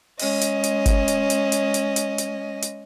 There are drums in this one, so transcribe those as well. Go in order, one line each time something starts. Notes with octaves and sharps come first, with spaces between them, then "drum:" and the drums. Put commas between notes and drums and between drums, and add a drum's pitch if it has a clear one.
G#3 C#4 D#5, drum: open hi-hat
drum: hi-hat
drum: hi-hat
drum: kick G1, hi-hat
drum: hi-hat
drum: hi-hat
drum: hi-hat
drum: hi-hat
drum: hi-hat
drum: hi-hat
drum: hi-hat